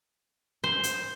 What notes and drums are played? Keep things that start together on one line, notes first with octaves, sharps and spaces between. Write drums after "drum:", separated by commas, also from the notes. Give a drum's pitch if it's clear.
C5
drum: hi-hat